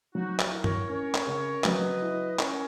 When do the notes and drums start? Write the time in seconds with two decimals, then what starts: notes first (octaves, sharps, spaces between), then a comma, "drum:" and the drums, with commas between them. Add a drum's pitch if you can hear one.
0.14 F#3 D#4 F#4
0.39 F#4 A#4, drum: clap
0.52 E4
0.64 A#4 C#5, drum: tom G2
0.89 C#4 A#4 C#5
1.14 drum: clap
1.27 C#3
1.64 F#3 B4 D#5, drum: clap
2.02 E4
2.39 C#4 A#4 C#5, drum: clap